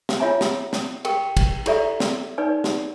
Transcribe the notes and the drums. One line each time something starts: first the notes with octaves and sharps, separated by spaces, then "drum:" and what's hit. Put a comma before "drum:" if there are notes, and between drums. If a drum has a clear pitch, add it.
drum: snare
E4 F4 C#5 E5 G#5 A#5
drum: snare
drum: snare
G4 A#4 G5, drum: cymbal
drum: kick, cymbal
E4 G4 A4 D5 E5 A#5, drum: cymbal
drum: snare
D#4 B4 D5 G#5
drum: snare